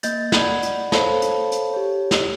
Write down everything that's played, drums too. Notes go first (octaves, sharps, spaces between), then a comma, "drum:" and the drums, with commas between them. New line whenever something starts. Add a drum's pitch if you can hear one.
A#3 D#5 G6 A6, drum: hi-hat
D5 F#5 B5 G#6, drum: snare
drum: hi-hat
A4 C5 C#5 F5 A5 B5, drum: snare
drum: hi-hat
drum: hi-hat
G4 C#5
drum: snare